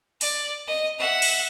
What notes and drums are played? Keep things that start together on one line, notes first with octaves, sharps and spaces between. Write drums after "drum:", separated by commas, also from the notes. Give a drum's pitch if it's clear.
D5, drum: open hi-hat
D#5
E5 F#5
drum: cymbal